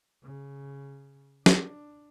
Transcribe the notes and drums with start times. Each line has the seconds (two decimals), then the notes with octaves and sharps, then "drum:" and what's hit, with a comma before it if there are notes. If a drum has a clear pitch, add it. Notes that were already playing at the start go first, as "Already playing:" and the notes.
0.23 C#3
1.46 D4, drum: snare